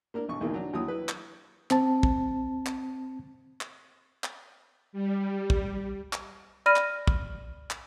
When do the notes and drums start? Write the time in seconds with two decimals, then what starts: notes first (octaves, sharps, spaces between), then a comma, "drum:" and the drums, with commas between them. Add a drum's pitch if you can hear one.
0.14 A#3 D4 A#4
0.29 B1 C#6
0.41 B1 E2 D3 D#3 A#3
0.54 F#3 D4
0.73 D#2 F#3 E4 D#6
0.88 E4 B4
1.09 drum: clap
1.71 C4 A5, drum: clap
2.03 drum: kick
2.66 drum: clap
3.61 drum: clap
4.24 drum: clap
4.93 G3
5.50 drum: kick
6.13 drum: clap
6.66 D5 B5 F6 A#6 D#7
6.76 drum: clap
7.07 drum: kick
7.71 drum: clap